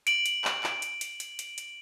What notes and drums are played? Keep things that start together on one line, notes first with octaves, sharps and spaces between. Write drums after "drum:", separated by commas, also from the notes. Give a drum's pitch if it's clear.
D7 F#7, drum: hi-hat
drum: hi-hat
drum: clap
drum: clap
drum: hi-hat
drum: hi-hat
drum: hi-hat
drum: hi-hat
drum: hi-hat